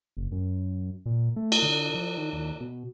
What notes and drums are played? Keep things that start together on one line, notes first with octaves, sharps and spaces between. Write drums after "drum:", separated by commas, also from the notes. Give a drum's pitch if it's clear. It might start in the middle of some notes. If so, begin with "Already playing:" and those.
F#1
F#2
A#2
A3
drum: cymbal
D3
F3
D#3
D#2
B2